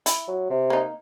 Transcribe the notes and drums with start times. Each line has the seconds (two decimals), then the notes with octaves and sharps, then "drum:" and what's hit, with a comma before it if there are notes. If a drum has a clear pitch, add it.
0.06 E4, drum: hi-hat
0.28 F#3
0.50 C3
0.70 A#3 D#4